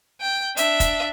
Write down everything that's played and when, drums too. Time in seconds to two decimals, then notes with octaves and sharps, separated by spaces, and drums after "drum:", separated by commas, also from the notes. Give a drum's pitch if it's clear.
0.21 G5
0.57 D4 E5, drum: hi-hat
0.80 drum: kick, hi-hat